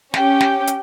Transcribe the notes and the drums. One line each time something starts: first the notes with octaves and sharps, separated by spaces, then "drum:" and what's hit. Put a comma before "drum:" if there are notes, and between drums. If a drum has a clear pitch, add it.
C#4 G4 G5, drum: snare
drum: snare
drum: hi-hat